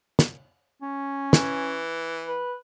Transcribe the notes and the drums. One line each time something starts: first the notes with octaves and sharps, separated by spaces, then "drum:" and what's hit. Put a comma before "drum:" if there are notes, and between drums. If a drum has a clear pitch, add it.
drum: snare
C#4
E3, drum: snare
B4